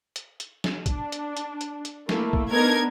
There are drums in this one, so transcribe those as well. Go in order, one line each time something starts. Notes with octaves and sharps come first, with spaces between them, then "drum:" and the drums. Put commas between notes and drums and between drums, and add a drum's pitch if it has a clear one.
drum: hi-hat
drum: hi-hat
drum: snare
D4, drum: kick, hi-hat
drum: hi-hat
drum: hi-hat
drum: hi-hat
drum: hi-hat
A3 A#3 E4, drum: snare
drum: kick
B3 D4 D#4 A#4 G#6